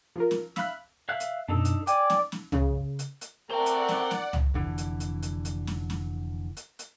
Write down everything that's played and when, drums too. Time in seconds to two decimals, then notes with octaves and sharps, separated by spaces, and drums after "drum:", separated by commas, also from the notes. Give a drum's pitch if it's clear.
0.16 F3 F4 A#4
0.31 drum: snare
0.56 E5 F5 B5 F#6, drum: snare
1.09 E5 F5 F#6
1.20 drum: hi-hat
1.48 F#2 B2 D4 D#4 A4
1.65 drum: hi-hat
1.87 D5 G5 G#5, drum: hi-hat
2.10 drum: snare
2.32 drum: snare
2.52 C#3, drum: tom
2.99 drum: hi-hat
3.21 drum: hi-hat
3.50 A3 A#4 C5 D5 F#5 G5
3.66 drum: hi-hat
3.88 drum: snare
4.11 drum: snare
4.33 drum: tom
4.54 F1 D3 E3
4.78 drum: hi-hat
5.00 drum: hi-hat
5.23 drum: hi-hat
5.45 drum: hi-hat
5.67 drum: snare
5.90 drum: snare
6.57 drum: hi-hat
6.79 drum: hi-hat